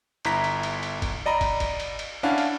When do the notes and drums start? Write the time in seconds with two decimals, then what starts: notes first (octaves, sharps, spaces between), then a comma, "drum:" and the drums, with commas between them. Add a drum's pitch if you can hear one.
0.25 G1 E4 A#5 B6, drum: cymbal
0.44 drum: cymbal
0.63 drum: cymbal
0.83 drum: cymbal
1.02 drum: kick, cymbal
1.26 D5 D#5 A#5 B5
1.41 drum: kick, cymbal
1.60 drum: kick, cymbal
1.80 drum: cymbal
1.99 drum: cymbal
2.23 C#4 D4 E4 F5 F#5
2.38 drum: cymbal